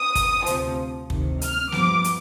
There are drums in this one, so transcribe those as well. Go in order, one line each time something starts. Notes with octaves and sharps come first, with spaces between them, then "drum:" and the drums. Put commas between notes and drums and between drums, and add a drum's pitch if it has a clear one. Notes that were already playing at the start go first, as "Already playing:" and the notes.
Already playing: D#6
drum: kick, hi-hat
D2 C3 F3, drum: hi-hat
D2 C3 D#3, drum: kick
F6, drum: hi-hat
G2 F3 B3 D6, drum: snare
drum: hi-hat